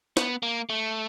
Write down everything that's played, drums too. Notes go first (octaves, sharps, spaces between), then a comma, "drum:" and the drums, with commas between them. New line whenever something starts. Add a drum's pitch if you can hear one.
B3, drum: snare
A#3
A3